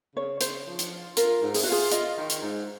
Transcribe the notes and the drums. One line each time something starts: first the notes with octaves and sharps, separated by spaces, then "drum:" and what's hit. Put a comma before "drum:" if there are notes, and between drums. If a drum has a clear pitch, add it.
C#3 C#5
C#3 C5, drum: hi-hat
F3
drum: hi-hat
F4
F4 A#4, drum: hi-hat
G#2
G#4, drum: open hi-hat
F#4
F4 G#4
F4 D#5, drum: hi-hat
D#3
drum: hi-hat
G#2